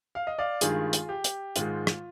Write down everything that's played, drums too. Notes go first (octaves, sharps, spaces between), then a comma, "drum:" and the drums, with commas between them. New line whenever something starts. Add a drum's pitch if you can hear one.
F5
D#5
D5 F5
G2 D#3 G#3 F4 G#4, drum: hi-hat
drum: hi-hat
G4
drum: hi-hat
G#2 D#3 G#3 F4, drum: hi-hat
drum: rim click